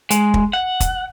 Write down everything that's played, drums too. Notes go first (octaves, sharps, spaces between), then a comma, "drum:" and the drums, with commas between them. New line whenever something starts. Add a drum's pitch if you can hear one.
G#3, drum: hi-hat
drum: kick
F#5
drum: kick, hi-hat